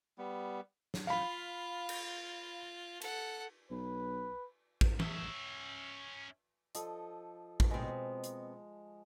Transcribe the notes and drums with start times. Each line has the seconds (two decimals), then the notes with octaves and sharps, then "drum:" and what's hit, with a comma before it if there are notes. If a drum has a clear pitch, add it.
0.18 G3 B3
0.94 drum: snare
1.07 F4 F5 B5
1.89 drum: cymbal
3.01 A4 F#5, drum: cymbal
3.71 B1 B4
4.81 drum: kick
5.00 C#4 E5, drum: tom
6.75 F3 A4 D#5, drum: hi-hat
7.60 drum: kick
7.71 B2 G#3 C4
8.24 drum: hi-hat